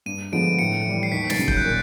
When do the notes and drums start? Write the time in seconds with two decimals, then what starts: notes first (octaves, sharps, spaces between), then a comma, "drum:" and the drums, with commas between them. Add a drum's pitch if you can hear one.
0.06 G2 D#7
0.32 D3 F3 G#3 B3 D7
0.59 A2 C#7
0.85 E3 G3
1.03 C7
1.12 D#2 B6
1.30 A6, drum: snare
1.39 C#3 F#3
1.48 G6, drum: kick
1.57 F#6
1.65 A#2